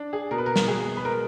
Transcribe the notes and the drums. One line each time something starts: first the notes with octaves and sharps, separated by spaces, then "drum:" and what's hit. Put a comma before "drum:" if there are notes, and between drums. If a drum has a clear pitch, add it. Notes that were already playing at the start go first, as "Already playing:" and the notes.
Already playing: D4
G#4
B2 A#4
B4
A#4
drum: snare
B2 G#4
B4
G#3 A#4